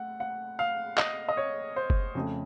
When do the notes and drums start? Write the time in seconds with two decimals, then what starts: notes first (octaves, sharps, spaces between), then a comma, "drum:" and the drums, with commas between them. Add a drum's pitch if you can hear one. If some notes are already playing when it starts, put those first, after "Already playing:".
Already playing: A3 F#5
0.20 F#5
0.59 F5
0.98 D#5, drum: clap
1.29 D#5
1.37 C#5
1.76 C5
1.90 drum: kick F#1
2.15 F2 C#3 A3